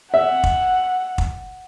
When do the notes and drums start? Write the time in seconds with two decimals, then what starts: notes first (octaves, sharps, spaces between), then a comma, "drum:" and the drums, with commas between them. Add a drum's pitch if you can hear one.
0.14 E5 F#5
0.43 drum: kick
1.18 drum: kick